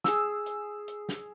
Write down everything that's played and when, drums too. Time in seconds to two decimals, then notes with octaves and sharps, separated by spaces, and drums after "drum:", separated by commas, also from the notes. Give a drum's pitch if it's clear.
0.04 G#4 D#6 E6, drum: snare
0.46 drum: hi-hat
0.88 drum: hi-hat
1.09 drum: snare